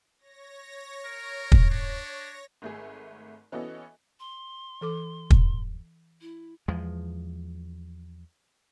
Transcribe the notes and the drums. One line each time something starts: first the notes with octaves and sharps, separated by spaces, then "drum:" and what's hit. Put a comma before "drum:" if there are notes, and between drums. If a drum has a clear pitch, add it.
C#5 A#6
A#4
drum: kick
D4
G#1 A3 G#4
E3 B3 C#4 F#4 A4 D#5
C6
E3 A4 D6
drum: kick
E4
E2 F3 G#3